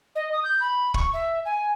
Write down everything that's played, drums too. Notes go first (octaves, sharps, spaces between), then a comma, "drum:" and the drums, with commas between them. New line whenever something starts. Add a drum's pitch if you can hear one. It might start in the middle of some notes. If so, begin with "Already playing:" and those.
D#5
D#6
G6
B5
C#6, drum: kick
E5
G#5